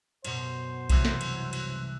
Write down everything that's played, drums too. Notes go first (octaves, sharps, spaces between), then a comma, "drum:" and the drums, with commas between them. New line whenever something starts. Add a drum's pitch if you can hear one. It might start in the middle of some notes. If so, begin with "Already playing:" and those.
F#2 B2 C5, drum: cymbal
C2 E3 F#3, drum: kick B1, cymbal
drum: snare
drum: cymbal
drum: cymbal